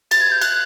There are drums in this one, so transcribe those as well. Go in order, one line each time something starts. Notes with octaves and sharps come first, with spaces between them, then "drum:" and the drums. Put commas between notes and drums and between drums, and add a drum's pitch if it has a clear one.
A6, drum: cymbal
G#6
G6
F#6, drum: cymbal